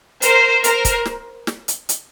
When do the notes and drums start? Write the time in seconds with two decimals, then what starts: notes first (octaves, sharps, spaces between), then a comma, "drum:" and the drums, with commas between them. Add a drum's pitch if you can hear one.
0.22 A#4 C5, drum: hi-hat
0.64 A#4 C5, drum: hi-hat
0.85 drum: kick, hi-hat
1.05 drum: snare
1.47 drum: snare
1.68 drum: hi-hat
1.89 drum: hi-hat